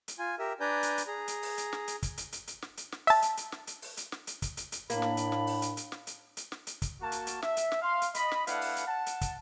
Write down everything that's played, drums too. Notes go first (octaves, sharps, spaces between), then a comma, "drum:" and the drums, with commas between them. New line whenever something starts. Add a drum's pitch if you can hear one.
drum: hi-hat
F4 G#5
G4 A#4 E5
D4 B4 D5 G#5 A#5 G6
drum: hi-hat
drum: hi-hat
G#4 A#5
drum: hi-hat
drum: open hi-hat
drum: hi-hat
drum: snare
drum: hi-hat
drum: kick, hi-hat
drum: hi-hat
drum: hi-hat
drum: hi-hat
drum: snare
drum: hi-hat
drum: snare
E5 A5, drum: open hi-hat
drum: hi-hat
drum: hi-hat
drum: snare
drum: hi-hat
drum: open hi-hat
drum: hi-hat
drum: snare
drum: hi-hat
drum: kick, hi-hat
drum: hi-hat
drum: hi-hat
A2 A#3 D4 B5, drum: hi-hat
drum: snare
drum: hi-hat
drum: snare
drum: open hi-hat
drum: hi-hat
drum: hi-hat
drum: snare
drum: hi-hat
drum: hi-hat
drum: snare
drum: hi-hat
drum: kick, hi-hat
A#3 F#4 A5
drum: hi-hat
drum: hi-hat
E5, drum: snare
drum: hi-hat
drum: snare
F5 C6
drum: hi-hat
D#5 B5, drum: hi-hat
drum: snare
A3 D4 E4 B4 F5 F#5, drum: hi-hat
drum: open hi-hat
drum: hi-hat
F#5 A5
drum: hi-hat
drum: kick, hi-hat